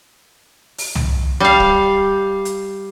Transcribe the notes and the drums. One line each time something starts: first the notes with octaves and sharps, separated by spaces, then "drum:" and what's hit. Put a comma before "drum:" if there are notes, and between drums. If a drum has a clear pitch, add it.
drum: open hi-hat
drum: tom
G3 F5
drum: kick
drum: hi-hat